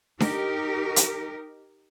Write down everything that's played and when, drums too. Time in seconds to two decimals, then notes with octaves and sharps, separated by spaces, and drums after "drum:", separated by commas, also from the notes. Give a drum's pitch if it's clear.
0.20 D#4 G4 A#4, drum: snare D4
0.96 drum: hi-hat